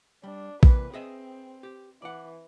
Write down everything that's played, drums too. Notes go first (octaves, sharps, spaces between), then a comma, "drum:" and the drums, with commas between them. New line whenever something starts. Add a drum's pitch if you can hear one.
G3 D4
C3 E3 A#3 B4, drum: kick A#1
C4 G#4 D#5 E5
G4
E3 D5 F#5